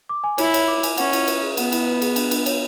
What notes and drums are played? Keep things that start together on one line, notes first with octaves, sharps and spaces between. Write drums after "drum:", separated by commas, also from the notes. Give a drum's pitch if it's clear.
D6
G#5
E4 C#5, drum: cymbal
C#5, drum: cymbal
D6
G#5, drum: cymbal
C#4 F#5, drum: cymbal
E4, drum: cymbal
B4, drum: cymbal
G#4
B3 F#5, drum: cymbal
E4, drum: cymbal
B4
G#4, drum: cymbal
D4, drum: cymbal
D4, drum: cymbal
C#5, drum: cymbal